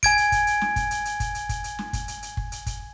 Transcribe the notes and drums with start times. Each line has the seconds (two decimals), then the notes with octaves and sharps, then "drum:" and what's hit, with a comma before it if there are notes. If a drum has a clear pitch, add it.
0.03 G#5 G#6 D7, drum: kick, hi-hat
0.17 drum: hi-hat
0.32 drum: kick, hi-hat
0.47 drum: hi-hat
0.61 drum: snare
0.76 drum: kick, hi-hat
0.91 drum: hi-hat
1.05 drum: hi-hat
1.20 drum: kick, hi-hat
1.35 drum: hi-hat
1.49 drum: kick, hi-hat
1.64 drum: hi-hat
1.79 drum: snare
1.93 drum: kick, hi-hat
2.08 drum: hi-hat
2.22 drum: hi-hat
2.37 drum: kick
2.52 drum: hi-hat
2.66 drum: kick, hi-hat